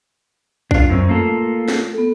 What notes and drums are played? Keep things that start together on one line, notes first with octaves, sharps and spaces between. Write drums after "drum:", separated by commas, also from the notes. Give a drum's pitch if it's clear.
D4 F4, drum: kick A#1
F#2 C4 C#4
A3 A#3 F4 A4
drum: snare
B3 A4